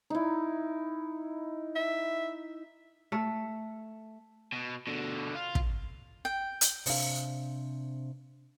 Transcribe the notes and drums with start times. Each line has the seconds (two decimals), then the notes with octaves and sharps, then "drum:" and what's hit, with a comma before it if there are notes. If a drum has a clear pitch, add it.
0.10 D#4 E4
1.75 E5
3.12 A3
4.53 B2
4.87 B2 D3
5.35 F4
5.55 drum: kick
6.25 G5
6.61 drum: hi-hat
6.86 C3 D4 F5, drum: open hi-hat